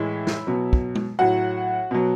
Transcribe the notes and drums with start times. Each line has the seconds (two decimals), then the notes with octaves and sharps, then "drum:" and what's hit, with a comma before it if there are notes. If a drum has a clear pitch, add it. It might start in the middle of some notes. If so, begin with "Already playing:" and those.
Already playing: A2 E3 G#3 E4
0.27 drum: snare
0.47 B2 F#3
0.73 drum: kick
0.95 drum: tom G#3
1.19 A2 F#3 F#4 F#5
1.91 B2 F#3